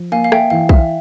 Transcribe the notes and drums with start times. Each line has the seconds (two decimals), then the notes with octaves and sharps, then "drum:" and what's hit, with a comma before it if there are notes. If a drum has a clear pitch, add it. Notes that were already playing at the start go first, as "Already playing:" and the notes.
Already playing: F3
0.12 A#3 F5 G#5
0.24 F5
0.32 E5 G5, drum: rim click
0.50 E3 F5
0.69 E5, drum: kick B1